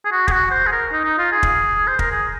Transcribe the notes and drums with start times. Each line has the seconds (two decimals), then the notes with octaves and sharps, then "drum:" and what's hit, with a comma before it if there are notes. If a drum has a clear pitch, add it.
0.05 G#4
0.12 F#4
0.28 G#4, drum: kick
0.32 F#4
0.51 C5
0.66 G#4
0.72 A#4
0.92 D#4
1.05 D#4
1.18 F4
1.32 G#4
1.43 drum: kick
1.87 C5
1.99 A#4, drum: kick
2.11 G#4